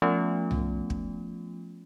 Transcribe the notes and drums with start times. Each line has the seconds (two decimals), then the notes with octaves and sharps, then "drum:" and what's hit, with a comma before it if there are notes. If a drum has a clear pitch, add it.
0.02 F3 A3 B3 C#4 F4
0.51 drum: tom C2
0.90 drum: kick